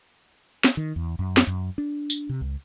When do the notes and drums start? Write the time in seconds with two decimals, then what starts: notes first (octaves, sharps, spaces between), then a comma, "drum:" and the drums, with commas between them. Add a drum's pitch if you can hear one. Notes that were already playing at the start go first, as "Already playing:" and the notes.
0.64 drum: snare
0.77 D#3
0.96 E2
1.19 F#2
1.37 drum: snare
1.47 F#2
1.78 D4
2.10 drum: tambourine
2.29 C3
2.41 C#2